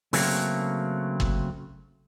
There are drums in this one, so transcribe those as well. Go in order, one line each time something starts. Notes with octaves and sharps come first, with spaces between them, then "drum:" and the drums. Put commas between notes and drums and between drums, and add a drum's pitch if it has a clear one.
C#3 F#3 A3 A#3 C4, drum: open hi-hat
drum: kick